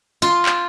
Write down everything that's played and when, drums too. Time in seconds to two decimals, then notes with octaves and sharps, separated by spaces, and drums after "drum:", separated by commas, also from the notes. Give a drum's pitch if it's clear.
0.22 F4
0.46 drum: clap